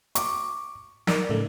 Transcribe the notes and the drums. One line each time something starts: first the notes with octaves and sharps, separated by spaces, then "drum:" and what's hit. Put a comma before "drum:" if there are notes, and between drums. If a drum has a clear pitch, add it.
C#6 D6, drum: hi-hat
D#4 A#4 D5, drum: snare
A2 C#3 A3